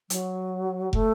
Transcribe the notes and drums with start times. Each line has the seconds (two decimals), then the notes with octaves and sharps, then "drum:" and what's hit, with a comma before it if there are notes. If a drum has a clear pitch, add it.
0.10 F#3, drum: hi-hat
0.93 A3, drum: kick